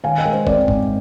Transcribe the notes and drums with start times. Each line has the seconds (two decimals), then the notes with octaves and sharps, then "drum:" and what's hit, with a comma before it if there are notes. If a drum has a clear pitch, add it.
0.04 D#3 F5 G#5
0.18 D#5 G5
0.25 G#3 A#4
0.32 C5
0.47 C4 A#4 D5, drum: kick
0.68 G#2, drum: kick